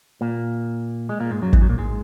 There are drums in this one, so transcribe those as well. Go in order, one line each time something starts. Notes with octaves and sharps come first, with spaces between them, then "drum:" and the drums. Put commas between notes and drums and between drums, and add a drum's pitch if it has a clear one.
A#2 A#3
G#3
A#2 A#3
G#2 G#3
F#2 F#3
E2 E3, drum: kick
F#2 F#3
A#2 A#3
G#2 G#3